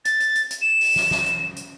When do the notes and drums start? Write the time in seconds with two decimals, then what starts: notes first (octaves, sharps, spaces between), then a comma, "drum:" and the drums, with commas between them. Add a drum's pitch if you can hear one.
0.05 A6, drum: hi-hat
0.20 drum: hi-hat
0.35 drum: hi-hat
0.51 drum: hi-hat
0.62 E7
0.81 drum: open hi-hat
0.96 drum: snare
1.11 drum: snare
1.26 drum: hi-hat
1.56 drum: hi-hat